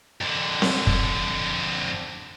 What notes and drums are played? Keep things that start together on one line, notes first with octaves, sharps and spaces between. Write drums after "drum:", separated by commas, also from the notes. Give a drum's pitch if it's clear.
F2 D3
drum: snare C4
drum: kick